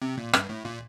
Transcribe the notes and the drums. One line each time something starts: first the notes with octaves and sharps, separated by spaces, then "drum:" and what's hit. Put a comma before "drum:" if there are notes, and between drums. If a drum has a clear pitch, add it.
C3
A#2
G2, drum: rim click
A2
A#2